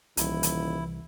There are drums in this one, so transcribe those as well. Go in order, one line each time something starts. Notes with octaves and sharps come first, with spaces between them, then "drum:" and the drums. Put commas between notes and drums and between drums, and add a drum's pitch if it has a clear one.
D#1 C2 E3 E4, drum: hi-hat
drum: hi-hat